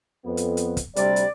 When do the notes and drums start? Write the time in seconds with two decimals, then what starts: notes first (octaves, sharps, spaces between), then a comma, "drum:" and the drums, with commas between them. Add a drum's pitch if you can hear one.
0.25 F2 B3
0.37 drum: hi-hat
0.57 drum: hi-hat
0.77 drum: kick, hi-hat
0.96 D2 C3 G3 D5, drum: hi-hat
1.16 drum: hi-hat